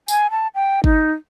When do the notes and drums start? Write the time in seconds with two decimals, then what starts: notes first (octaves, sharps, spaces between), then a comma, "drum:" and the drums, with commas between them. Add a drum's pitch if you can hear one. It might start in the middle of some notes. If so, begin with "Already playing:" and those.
0.08 G#5, drum: tambourine
0.31 A5
0.55 G5
0.84 D#4, drum: kick